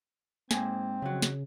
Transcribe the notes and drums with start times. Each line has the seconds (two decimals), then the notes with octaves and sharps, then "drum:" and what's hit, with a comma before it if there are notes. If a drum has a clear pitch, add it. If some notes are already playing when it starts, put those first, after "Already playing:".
0.51 G#2 A#3 C4 G#5, drum: snare
1.02 F2 C#3 F#3
1.22 drum: snare